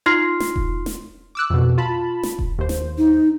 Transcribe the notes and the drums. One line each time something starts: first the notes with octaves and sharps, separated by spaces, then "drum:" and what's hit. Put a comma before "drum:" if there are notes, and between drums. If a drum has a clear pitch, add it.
D#4 F4 C6 F6 C7
drum: snare
drum: kick E1
drum: snare
D6 E6 F#6
F2 B2
F4 A5 B5
drum: snare
drum: kick E1
D#2 C5
drum: snare
D#4